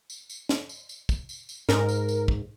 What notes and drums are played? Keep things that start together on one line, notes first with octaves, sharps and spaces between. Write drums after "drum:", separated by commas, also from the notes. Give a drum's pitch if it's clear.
drum: tambourine
drum: tambourine
drum: snare
drum: tambourine
drum: tambourine
drum: kick, tambourine
drum: tambourine
drum: tambourine
G#2 A#4, drum: snare
drum: tambourine
drum: tambourine
drum: kick